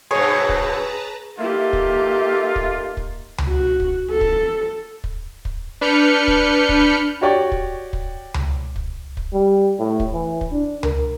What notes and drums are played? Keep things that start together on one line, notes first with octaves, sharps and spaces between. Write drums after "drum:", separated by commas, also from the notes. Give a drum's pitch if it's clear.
G2 B2 G#4 B4 C#5 A5 A#5
drum: kick
A#3 D#4 F4 G4 A4 A#4 E5
drum: kick
drum: kick
drum: kick
drum: tom C#2
F#4
drum: kick
A4
drum: kick
drum: kick
drum: kick
D4 B4 F6 G6 C#7
drum: kick
drum: kick
F#4 G4 C#5 D5 G5 C#6
drum: kick
drum: kick
drum: tom C#2
drum: kick
drum: kick
G3
A2
drum: kick
E3
drum: kick
D4
A#4, drum: tom C#2